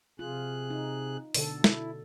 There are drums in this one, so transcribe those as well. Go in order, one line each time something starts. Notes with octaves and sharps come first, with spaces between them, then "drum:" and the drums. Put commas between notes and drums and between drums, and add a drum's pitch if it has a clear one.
C3 F4 G#4 F#6
D#4
B2 D3 A4, drum: open hi-hat
E4, drum: snare